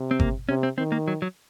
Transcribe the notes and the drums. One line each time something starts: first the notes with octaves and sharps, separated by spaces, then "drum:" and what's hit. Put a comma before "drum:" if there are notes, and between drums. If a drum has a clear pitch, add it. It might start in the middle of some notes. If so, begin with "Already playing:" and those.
Already playing: C3
C4
A#3, drum: kick G1
C3 C#4
C4
D#3 C4
A#3
F#3
F#3